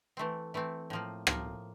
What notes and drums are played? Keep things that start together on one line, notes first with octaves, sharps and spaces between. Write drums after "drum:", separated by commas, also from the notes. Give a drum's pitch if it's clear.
E3 A3 C4
E3 A3 C4
A2 F3 A#3
A2 F3 A#3, drum: rim click